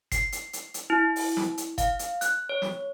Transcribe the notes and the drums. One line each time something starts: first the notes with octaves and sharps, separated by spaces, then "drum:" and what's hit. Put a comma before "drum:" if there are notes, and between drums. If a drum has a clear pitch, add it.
C7, drum: kick F#1, hi-hat
drum: hi-hat
drum: hi-hat
drum: hi-hat
E4
drum: open hi-hat
drum: snare
drum: hi-hat
F5, drum: kick F#1, hi-hat
drum: hi-hat
F#6, drum: hi-hat
C#5
drum: snare